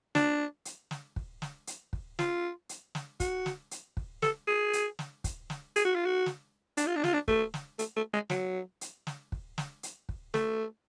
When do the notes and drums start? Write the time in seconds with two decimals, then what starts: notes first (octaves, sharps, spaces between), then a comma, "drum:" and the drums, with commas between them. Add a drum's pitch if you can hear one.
0.15 D4, drum: snare
0.65 drum: hi-hat
0.91 drum: snare
1.16 drum: kick
1.42 drum: snare
1.67 drum: hi-hat
1.93 drum: kick
2.19 F4, drum: snare
2.69 drum: hi-hat
2.95 drum: snare
3.20 F#4, drum: kick, hi-hat
3.46 drum: snare
3.71 drum: hi-hat
3.97 drum: kick
4.22 A4, drum: snare
4.47 G#4
4.73 drum: hi-hat
4.99 drum: snare
5.24 drum: kick, hi-hat
5.50 drum: snare
5.76 G#4, drum: hi-hat
5.85 F#4
5.95 F4
6.06 F#4
6.26 drum: snare
6.77 D4, drum: hi-hat
6.87 F4
6.96 D4
7.04 F4, drum: snare
7.13 D4
7.28 A3, drum: kick
7.54 drum: snare
7.79 A3, drum: hi-hat
7.96 A3
8.13 G#3
8.30 F#3, drum: snare
8.81 drum: hi-hat
9.07 drum: snare
9.32 drum: kick
9.58 drum: snare
9.83 drum: hi-hat
10.09 drum: kick
10.34 A3, drum: snare